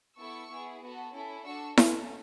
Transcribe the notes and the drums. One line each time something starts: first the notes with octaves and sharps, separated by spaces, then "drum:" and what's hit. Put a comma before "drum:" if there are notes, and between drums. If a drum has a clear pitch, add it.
B3 E4 A4 C#6 E6
B3 E4 G#4
B3 F#4 A4
C#4 E4 A4
D4 F#4 A4 C#6 E6
A3 C#4 F#4 A4, drum: snare E4